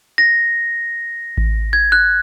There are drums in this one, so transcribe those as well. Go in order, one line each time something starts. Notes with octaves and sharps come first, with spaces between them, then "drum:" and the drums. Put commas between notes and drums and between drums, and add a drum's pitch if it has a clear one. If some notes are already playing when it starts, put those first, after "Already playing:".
A#6
drum: kick A1
G#6
F#6